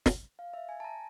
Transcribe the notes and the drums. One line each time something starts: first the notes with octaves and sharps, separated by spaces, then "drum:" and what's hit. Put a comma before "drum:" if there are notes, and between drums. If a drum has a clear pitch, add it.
drum: snare
F5
E5
G#5
A5
A#5